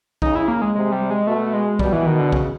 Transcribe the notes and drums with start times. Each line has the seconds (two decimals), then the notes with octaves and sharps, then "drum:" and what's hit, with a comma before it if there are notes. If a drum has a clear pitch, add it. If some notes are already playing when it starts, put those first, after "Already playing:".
0.22 C#3 D#4, drum: kick
0.35 E4
0.48 A#3
0.62 G#3
0.75 C3 G#3
0.92 G3
1.10 G#3
1.27 B2 A3
1.53 G#3
1.79 B2 G3, drum: kick
1.92 E3
2.06 D#3
2.19 D3
2.32 C#3, drum: kick